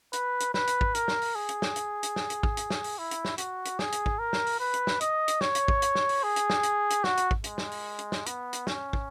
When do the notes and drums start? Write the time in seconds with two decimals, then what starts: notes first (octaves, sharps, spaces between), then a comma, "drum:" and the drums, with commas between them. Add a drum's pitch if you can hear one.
0.13 B4, drum: hi-hat
0.40 drum: hi-hat
0.54 B4, drum: snare
0.67 drum: hi-hat
0.81 drum: kick
0.95 A#4, drum: hi-hat
1.08 drum: snare
1.22 drum: open hi-hat
1.35 G#4
1.49 drum: hi-hat
1.62 drum: snare
1.76 drum: hi-hat
2.03 drum: hi-hat
2.16 drum: snare
2.30 drum: hi-hat
2.43 drum: kick
2.57 drum: hi-hat
2.70 drum: snare
2.84 drum: open hi-hat
2.98 E4
3.11 drum: hi-hat
3.25 drum: snare
3.38 F#4, drum: hi-hat
3.65 drum: hi-hat
3.79 G#4, drum: snare
3.92 drum: hi-hat
4.06 drum: kick
4.19 A#4
4.33 drum: snare
4.46 drum: open hi-hat
4.60 B4
4.74 drum: hi-hat
4.87 drum: snare
5.01 D#5, drum: hi-hat
5.28 drum: hi-hat
5.41 C#5, drum: snare
5.55 drum: hi-hat
5.68 drum: kick
5.82 drum: hi-hat
5.95 drum: snare
6.09 drum: open hi-hat
6.23 G#4
6.36 drum: hi-hat
6.50 drum: snare
6.63 drum: hi-hat
6.90 drum: hi-hat
7.04 F#4, drum: snare
7.17 drum: hi-hat
7.31 drum: kick
7.44 G#3, drum: hi-hat
7.58 drum: snare
7.71 drum: open hi-hat
7.99 drum: hi-hat
8.12 drum: snare
8.26 B3, drum: hi-hat
8.53 drum: hi-hat
8.67 C#4, drum: snare
8.93 drum: kick